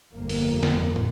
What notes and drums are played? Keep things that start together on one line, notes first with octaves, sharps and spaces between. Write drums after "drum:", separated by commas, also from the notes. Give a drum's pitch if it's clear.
G1 F2 A#3
drum: open hi-hat
drum: snare
drum: tom